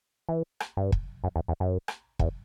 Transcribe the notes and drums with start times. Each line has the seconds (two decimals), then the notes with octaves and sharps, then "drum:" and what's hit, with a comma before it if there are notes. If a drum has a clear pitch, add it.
0.29 E3
0.60 drum: rim click
0.77 G2
0.92 drum: kick
1.24 F#2
1.36 E2
1.48 E2
1.60 F#2
1.88 drum: rim click
2.19 E2, drum: kick